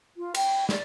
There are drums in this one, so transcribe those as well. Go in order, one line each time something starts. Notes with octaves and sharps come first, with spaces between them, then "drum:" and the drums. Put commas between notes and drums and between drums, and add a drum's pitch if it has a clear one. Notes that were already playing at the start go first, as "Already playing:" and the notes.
F4
G5, drum: cymbal
D5, drum: snare